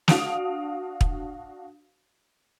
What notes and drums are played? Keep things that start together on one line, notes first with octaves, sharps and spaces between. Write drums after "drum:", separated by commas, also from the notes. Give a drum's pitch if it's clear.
D4 F#4 F5 D#6 D7 F7, drum: snare
drum: kick